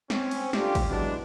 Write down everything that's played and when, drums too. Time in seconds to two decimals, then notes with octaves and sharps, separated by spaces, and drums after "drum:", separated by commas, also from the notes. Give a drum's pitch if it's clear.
0.10 C4 C#4, drum: snare
0.31 drum: cymbal
0.53 G3 A3 D4 F4 G4, drum: snare
0.75 drum: kick G#1, cymbal
0.89 E3 F#3 G#3 B3 D4